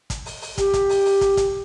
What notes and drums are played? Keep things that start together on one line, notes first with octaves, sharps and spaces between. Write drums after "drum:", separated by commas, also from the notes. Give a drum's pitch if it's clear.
drum: kick, hi-hat
drum: open hi-hat
drum: open hi-hat
G4, drum: kick, hi-hat
drum: kick, hi-hat
drum: open hi-hat
drum: open hi-hat
drum: kick, hi-hat
drum: kick, hi-hat